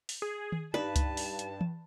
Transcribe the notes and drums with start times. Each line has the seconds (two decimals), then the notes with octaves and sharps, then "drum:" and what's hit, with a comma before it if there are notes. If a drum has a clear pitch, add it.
0.09 drum: open hi-hat
0.22 G#4
0.52 drum: tom D#3
0.74 G2 D#4 B4 D5 A5
0.96 drum: kick C#2, hi-hat
1.17 drum: open hi-hat
1.39 drum: hi-hat
1.61 drum: tom E3